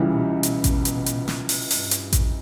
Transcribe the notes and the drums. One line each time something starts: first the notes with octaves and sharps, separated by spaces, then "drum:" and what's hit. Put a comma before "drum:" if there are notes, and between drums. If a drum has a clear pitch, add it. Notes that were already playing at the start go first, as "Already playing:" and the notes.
Already playing: C#2 C#3 E3 G3
B2
B2, drum: hi-hat
drum: kick A1, hi-hat
drum: hi-hat
drum: hi-hat
drum: snare
drum: open hi-hat
G2, drum: open hi-hat
drum: hi-hat
drum: kick A1, hi-hat